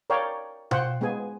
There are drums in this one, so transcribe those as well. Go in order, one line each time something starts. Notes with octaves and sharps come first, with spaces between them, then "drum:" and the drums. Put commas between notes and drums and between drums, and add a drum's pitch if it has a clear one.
A#4 C#5 D5 F5 G5
F4 C5 F#5 G5, drum: tom B2
G#3 B3 F4 G#4 G#5